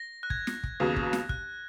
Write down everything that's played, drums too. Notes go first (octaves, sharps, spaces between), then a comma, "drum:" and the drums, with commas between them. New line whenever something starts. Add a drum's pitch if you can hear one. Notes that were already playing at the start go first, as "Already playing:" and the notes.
Already playing: A#6
F#6
G#6, drum: kick
drum: snare
drum: kick
D#2 C#3 F#3 B3
drum: kick
drum: snare
F#6, drum: kick